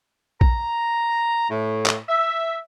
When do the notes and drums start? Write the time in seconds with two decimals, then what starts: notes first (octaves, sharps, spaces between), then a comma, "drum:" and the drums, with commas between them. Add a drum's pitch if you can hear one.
0.41 A#5, drum: kick
1.50 A2
1.86 drum: clap
2.09 E5